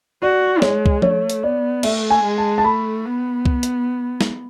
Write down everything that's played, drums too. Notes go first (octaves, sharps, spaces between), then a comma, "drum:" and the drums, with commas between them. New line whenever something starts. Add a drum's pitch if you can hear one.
F#4 D5
G#3 C#5, drum: snare
drum: kick C2
A3 C#5, drum: tom F3
drum: hi-hat
B3 D5
A3 E5, drum: cymbal
G#5
G#3
A5
A5
A3 B5
B3
drum: kick C2
drum: hi-hat
drum: snare